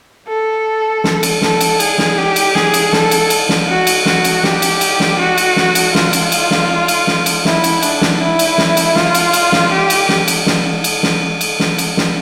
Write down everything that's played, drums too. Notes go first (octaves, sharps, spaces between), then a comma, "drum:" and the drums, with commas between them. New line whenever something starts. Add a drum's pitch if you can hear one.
A4
drum: snare
drum: cymbal
A4, drum: snare
drum: cymbal
G#4, drum: cymbal
drum: snare
G4
drum: cymbal
G#4, drum: snare
drum: cymbal
A4, drum: snare
drum: cymbal
drum: cymbal
drum: snare
F#4
drum: cymbal
F#4, drum: snare
drum: cymbal
G4, drum: snare
drum: cymbal
drum: cymbal
drum: snare
F#4
drum: cymbal
drum: snare
drum: cymbal
F4, drum: snare
drum: cymbal
drum: cymbal
drum: snare
drum: cymbal
drum: snare
drum: cymbal
E4, drum: snare
drum: cymbal
D4, drum: cymbal
drum: snare
E4
drum: cymbal
drum: snare
drum: cymbal
F4, drum: snare
drum: cymbal
drum: cymbal
drum: snare
G4
drum: cymbal
drum: snare
drum: cymbal
drum: snare
drum: cymbal
drum: snare
drum: cymbal
drum: snare
drum: cymbal
drum: snare